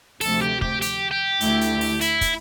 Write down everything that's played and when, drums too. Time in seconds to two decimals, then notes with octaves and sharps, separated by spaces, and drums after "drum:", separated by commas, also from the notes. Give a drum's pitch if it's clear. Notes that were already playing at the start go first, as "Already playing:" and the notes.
0.21 D2 C3 F3 A3 A4, drum: open hi-hat
0.42 G4
0.62 G4, drum: kick
0.82 G4, drum: hi-hat
1.11 G4
1.41 D2 D3 A3 E4, drum: hi-hat
1.61 drum: hi-hat
1.81 drum: open hi-hat
2.01 E4, drum: hi-hat
2.21 drum: kick, hi-hat